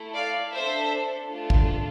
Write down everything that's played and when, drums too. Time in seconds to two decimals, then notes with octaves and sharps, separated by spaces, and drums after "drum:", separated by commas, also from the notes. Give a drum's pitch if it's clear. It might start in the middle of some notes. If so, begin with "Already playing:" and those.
Already playing: A3 E4 A4
0.15 D5 F5
0.52 D4 A4 C5 E5
1.29 A3 D4 F4 A4
1.50 drum: kick G#1